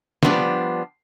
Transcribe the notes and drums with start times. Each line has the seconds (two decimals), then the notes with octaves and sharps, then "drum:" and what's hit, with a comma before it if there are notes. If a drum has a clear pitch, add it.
0.23 F3 G3 B3 D4, drum: snare